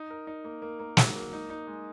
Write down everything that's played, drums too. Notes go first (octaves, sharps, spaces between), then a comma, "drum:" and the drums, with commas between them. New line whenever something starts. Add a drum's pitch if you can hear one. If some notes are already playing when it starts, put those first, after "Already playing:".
Already playing: D#4
A#4
D#4
A#3
A#3
A#3
F#3, drum: snare
A#3
D#4
D#4
G#3